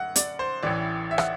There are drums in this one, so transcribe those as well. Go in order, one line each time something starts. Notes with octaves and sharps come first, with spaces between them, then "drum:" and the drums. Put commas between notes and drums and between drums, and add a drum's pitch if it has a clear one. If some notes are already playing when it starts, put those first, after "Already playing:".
Already playing: F#2 F#5
D5, drum: hi-hat
C5
A1 A2 E3 D5
E5
F#5, drum: rim click